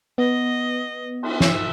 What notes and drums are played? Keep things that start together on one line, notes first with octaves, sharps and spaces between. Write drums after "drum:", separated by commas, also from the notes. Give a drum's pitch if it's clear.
B3 D#5
drum: cymbal
C#4 E5, drum: snare